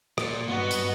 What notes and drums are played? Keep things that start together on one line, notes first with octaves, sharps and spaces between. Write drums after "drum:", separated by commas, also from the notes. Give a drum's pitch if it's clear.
A#2, drum: rim click
G2 F#3 B3 F#4 D#5
drum: hi-hat